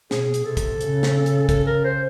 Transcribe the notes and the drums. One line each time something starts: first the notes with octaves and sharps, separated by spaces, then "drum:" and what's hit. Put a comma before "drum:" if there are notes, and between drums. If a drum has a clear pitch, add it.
B2 G#4, drum: snare
drum: hi-hat
C3 A4
drum: kick, hi-hat
C#3, drum: hi-hat
drum: snare
drum: hi-hat
A4, drum: kick, hi-hat
A#4
C5